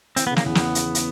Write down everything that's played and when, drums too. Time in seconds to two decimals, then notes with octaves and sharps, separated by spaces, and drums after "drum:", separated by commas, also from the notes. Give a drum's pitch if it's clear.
0.16 E3 C4, drum: hi-hat
0.27 C#3 B3
0.36 A#3, drum: snare
0.46 E2 B3
0.55 drum: snare
0.75 drum: hi-hat
0.95 drum: hi-hat